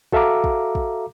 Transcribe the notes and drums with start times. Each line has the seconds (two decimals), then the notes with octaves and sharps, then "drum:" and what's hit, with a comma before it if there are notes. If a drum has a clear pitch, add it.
0.12 F#4 A4 E5 F5 A#5 D6, drum: kick
0.44 drum: kick
0.75 drum: kick